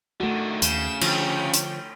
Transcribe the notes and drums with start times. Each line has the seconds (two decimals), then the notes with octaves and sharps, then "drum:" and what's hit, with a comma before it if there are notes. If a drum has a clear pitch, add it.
0.20 D3 D#3 A3 F#4
0.62 D#2 C#3 G6 E7, drum: hi-hat
1.01 D3 F3 C#5 G5, drum: cymbal
1.54 drum: hi-hat